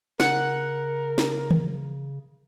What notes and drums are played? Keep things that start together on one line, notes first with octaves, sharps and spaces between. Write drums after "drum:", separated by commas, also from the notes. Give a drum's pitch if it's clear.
C#3 A#4 F#5, drum: snare
drum: snare
drum: tom